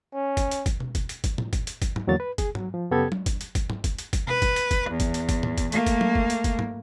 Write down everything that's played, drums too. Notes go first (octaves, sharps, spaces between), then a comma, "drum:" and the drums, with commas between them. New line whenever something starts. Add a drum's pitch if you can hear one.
C#4
drum: kick, hi-hat
drum: hi-hat
drum: kick, hi-hat
drum: tom B2
drum: kick, hi-hat
drum: hi-hat
drum: kick, hi-hat
drum: tom A2
drum: kick, hi-hat
drum: hi-hat
drum: kick, hi-hat
drum: tom G#2
E2 D3 F#3 A#3 C#5 A6
B4
G#4, drum: kick, hi-hat
F#3, drum: tom G#2
F3
F#2 C#3 B3 G4 A4 G#6
drum: tom F#3
drum: kick, hi-hat
drum: hi-hat
drum: kick, hi-hat
drum: tom G#2
drum: kick, hi-hat
drum: hi-hat
drum: kick, hi-hat
B4, drum: tom B2
drum: kick, hi-hat
drum: hi-hat
drum: kick, hi-hat
E2
drum: kick, hi-hat
drum: hi-hat
drum: kick, hi-hat
drum: tom A2
drum: kick, hi-hat
A3 A#3, drum: hi-hat
drum: kick, hi-hat
drum: tom F#3
drum: kick
drum: hi-hat
drum: kick, hi-hat
drum: tom G#2